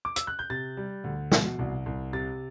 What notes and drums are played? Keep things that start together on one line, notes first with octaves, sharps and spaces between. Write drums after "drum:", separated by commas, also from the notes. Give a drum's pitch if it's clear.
D6
E6, drum: hi-hat
F#6
G6
C3 A6
G3
D2
B2, drum: snare
C2
C2
C3 A6